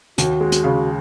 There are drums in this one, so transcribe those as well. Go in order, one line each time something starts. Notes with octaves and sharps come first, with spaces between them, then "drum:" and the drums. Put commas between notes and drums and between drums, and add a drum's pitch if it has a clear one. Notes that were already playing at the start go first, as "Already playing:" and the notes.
D#2 F#4, drum: hi-hat
G#3
drum: hi-hat
C#3